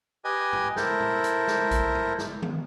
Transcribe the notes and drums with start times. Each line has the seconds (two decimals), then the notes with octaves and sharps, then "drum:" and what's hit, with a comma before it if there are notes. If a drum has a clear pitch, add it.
0.25 G4 B4 D#5 G#5
0.53 drum: tom G#2
0.76 E4 A4 A#4 C5, drum: snare
1.00 drum: tom A#2
1.24 drum: hi-hat
1.48 drum: snare
1.71 drum: kick A#1, hi-hat
1.95 drum: tom G#2
2.19 drum: snare
2.42 drum: tom D#3